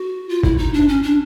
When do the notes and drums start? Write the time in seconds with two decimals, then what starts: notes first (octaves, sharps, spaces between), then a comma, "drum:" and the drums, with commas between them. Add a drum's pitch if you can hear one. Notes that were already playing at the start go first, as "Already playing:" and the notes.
Already playing: F#4
0.29 F4
0.43 E4, drum: kick G1
0.58 D#4
0.74 D4
0.88 C#4
1.03 D4